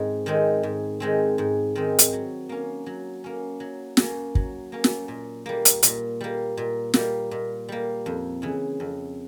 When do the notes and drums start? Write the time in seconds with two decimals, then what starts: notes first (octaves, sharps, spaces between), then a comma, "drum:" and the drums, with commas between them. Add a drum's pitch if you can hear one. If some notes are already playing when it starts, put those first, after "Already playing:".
Already playing: G#2 D#3 G#3 C4
0.26 D#3 G#3 C4
0.63 G#2
1.00 D#3 G#3 C4
1.38 G#2
1.75 D#3 G#3 C4
1.99 drum: hi-hat
2.13 F#3
2.49 A#3 C#4
2.86 F#3
3.24 A#3 C#4
3.60 F#3
3.97 A#3 C#4, drum: snare
4.35 F#3, drum: kick
4.72 A#3 C#4
4.84 drum: snare
5.08 A#2
5.46 G3 A#3
5.65 drum: hi-hat
5.83 A#2, drum: hi-hat
6.21 G3 A#3
6.57 A#2
6.94 G3 A#3, drum: snare
7.31 A#2
7.69 G3 A#3
8.06 F2
8.42 C#3 E3
8.80 F2